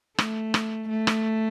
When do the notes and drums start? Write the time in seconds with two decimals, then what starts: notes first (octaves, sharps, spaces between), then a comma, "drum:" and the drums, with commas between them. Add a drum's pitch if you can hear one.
0.18 A3, drum: rim click
0.54 drum: rim click
0.90 A3
1.07 drum: rim click